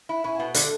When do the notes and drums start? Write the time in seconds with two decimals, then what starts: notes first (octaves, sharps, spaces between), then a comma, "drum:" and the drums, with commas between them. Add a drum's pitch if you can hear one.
0.09 E4
0.24 C#4 E4
0.35 C#4
0.39 B2 B3
0.54 D3 A3, drum: hi-hat